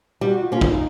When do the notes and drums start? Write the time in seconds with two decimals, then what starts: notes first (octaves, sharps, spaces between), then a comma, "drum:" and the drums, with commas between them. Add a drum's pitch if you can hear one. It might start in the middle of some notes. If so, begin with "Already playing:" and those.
0.21 G3 F#4
0.42 F4
0.52 A#3 C#4
0.61 D#4, drum: kick